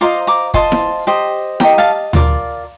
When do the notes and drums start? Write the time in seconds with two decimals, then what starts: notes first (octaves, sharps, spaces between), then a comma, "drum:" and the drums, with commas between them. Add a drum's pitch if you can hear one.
0.01 F4 C5 D#5 A#5 D6
0.27 A#5 D6
0.54 F4 C5 D#5 A5 C6, drum: kick
0.72 drum: snare E4
1.07 G4 C5 D#5
1.60 G4 C5 D#5 G5 A#5, drum: snare E4
1.78 F5 A5
2.13 F4 A#4 D5, drum: tom D2